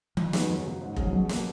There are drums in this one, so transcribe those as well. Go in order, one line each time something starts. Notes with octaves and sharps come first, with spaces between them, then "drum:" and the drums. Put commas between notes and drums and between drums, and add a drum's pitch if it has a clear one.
F2 F3, drum: tom D#3
D#3 G#3 B3 F#4, drum: snare
F#2
C#3 F#3
G#2
F#3 C#4 G#4, drum: kick F1
F3
B2 F#3
A#3 C#4 F#4, drum: snare